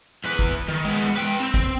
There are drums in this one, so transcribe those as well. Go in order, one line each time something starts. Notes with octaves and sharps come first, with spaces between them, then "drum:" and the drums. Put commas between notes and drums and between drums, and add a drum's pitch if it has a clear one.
E2 B4
drum: kick
D#3
G#3 B3
B4 G5
C4
drum: kick